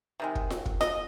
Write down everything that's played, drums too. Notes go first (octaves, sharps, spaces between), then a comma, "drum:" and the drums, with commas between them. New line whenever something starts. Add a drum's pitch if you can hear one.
C3 D#3 G#3
drum: kick
drum: snare F4
drum: kick
D#5, drum: snare F4